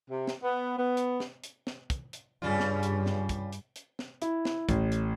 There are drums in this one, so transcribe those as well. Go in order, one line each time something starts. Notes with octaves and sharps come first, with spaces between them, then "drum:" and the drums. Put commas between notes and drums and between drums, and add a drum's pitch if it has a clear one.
C3
drum: snare
B3
B3
drum: hi-hat
drum: snare
drum: hi-hat
drum: snare
drum: kick, hi-hat
drum: hi-hat
G2 C#3 G3 F4
drum: snare
drum: hi-hat
drum: snare
drum: kick, hi-hat
drum: hi-hat
drum: hi-hat
drum: snare
E4, drum: hi-hat
drum: snare
A1, drum: kick, hi-hat
drum: hi-hat